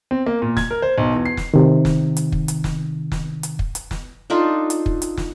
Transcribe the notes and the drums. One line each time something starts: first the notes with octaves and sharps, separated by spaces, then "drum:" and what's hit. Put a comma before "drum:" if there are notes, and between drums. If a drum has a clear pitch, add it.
C4
A#3
A#2
G#6, drum: snare
A#4
C5
B1
E2
C7
drum: snare
C3 D#3
drum: snare
drum: hi-hat
drum: kick
drum: hi-hat
drum: snare
drum: snare
drum: hi-hat
drum: kick
drum: hi-hat
drum: snare
D4 D#4 F4 A4
drum: hi-hat
drum: kick
drum: hi-hat
drum: snare